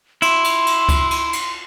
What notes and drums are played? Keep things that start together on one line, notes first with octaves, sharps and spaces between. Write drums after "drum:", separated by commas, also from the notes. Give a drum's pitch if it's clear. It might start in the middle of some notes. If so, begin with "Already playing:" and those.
E4 C6, drum: cymbal
drum: cymbal
drum: cymbal
drum: kick C#2, cymbal
drum: cymbal
drum: cymbal